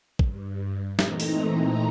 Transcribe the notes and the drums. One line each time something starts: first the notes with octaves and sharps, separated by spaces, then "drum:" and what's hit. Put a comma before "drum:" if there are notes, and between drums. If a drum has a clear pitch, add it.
G2, drum: kick
A#2 E3 A3 C4 D#4 A#5, drum: snare
drum: open hi-hat